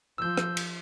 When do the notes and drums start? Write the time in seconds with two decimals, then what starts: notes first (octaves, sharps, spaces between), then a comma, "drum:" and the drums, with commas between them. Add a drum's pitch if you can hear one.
0.18 F3 E6 G6
0.37 drum: rim click
0.57 drum: cymbal